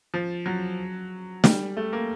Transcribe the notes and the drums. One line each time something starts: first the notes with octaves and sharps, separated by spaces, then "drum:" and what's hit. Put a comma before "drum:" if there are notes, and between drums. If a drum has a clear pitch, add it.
F3
F#3
G3, drum: snare
A3
A#3